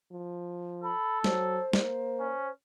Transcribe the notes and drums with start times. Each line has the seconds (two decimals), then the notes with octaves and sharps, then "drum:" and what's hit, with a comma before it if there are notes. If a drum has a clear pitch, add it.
0.12 F3
0.84 A4 B5
1.24 F#3 C5, drum: snare
1.73 A#3, drum: snare
2.20 C#4